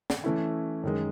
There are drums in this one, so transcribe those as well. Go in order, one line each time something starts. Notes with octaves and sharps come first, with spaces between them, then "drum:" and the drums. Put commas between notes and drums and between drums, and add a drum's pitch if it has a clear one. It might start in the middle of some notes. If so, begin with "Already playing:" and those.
drum: snare
E3 A3 C#4 E4
F#2 D#3 G#3